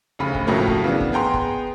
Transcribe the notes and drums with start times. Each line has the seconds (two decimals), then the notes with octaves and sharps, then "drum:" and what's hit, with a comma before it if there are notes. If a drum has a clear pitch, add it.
0.19 F1 D2 C#3 B5
0.35 drum: kick
0.47 F2 A2 C#3 F#3 A3 A#3
0.68 drum: kick
0.84 C#3 E3 B3 D4
1.01 drum: kick
1.12 B3 G#4 G5 A#5 C6
1.34 drum: kick